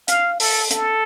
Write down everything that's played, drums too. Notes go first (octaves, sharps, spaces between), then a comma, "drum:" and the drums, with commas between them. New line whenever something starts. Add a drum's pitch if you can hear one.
F5, drum: hi-hat
A4, drum: open hi-hat
A4, drum: hi-hat